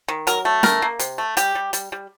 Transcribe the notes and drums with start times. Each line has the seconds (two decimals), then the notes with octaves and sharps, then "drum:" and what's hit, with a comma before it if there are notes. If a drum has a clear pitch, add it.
0.08 D#3
0.27 F#3 A#4, drum: hi-hat
0.45 A3
0.63 D#3 A#4, drum: snare
0.82 A#3
0.99 C3, drum: hi-hat
1.18 A3
1.37 G3 G4, drum: hi-hat
1.55 G3
1.73 G3, drum: hi-hat
1.92 G3